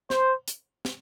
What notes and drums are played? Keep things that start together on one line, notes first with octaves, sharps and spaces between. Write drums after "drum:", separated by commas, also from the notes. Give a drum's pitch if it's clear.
C5, drum: snare
drum: hi-hat
drum: snare